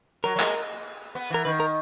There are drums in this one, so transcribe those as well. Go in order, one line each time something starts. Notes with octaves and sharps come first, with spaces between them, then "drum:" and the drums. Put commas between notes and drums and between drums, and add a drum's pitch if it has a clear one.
F#3 A#4
F#3
G#3, drum: clap
B3
E3 A#4
D#3 B4
A#4